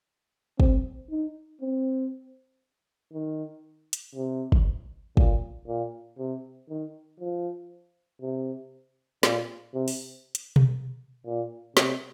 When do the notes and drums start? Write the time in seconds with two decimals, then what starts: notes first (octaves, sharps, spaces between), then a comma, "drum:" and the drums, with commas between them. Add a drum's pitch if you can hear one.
0.60 C4, drum: kick
1.10 D#4
1.61 C4
3.13 D#3
3.93 drum: hi-hat
4.15 C3
4.52 drum: kick
5.17 A#2, drum: kick
5.67 A#2
6.18 C3
6.70 D#3
7.20 F3
8.22 C3
9.23 A#2, drum: snare
9.74 C3
9.88 drum: open hi-hat
10.35 drum: hi-hat
10.56 drum: tom B2
11.26 A#2
11.77 C3, drum: snare